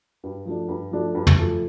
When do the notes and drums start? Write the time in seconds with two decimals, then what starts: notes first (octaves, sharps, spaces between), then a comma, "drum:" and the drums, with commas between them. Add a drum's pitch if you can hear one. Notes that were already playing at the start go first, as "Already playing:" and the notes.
0.24 G2
0.45 F3 A3 D4
0.68 G2
0.91 F3 A3 D4
1.15 G2
1.27 drum: tom
1.37 F3 A3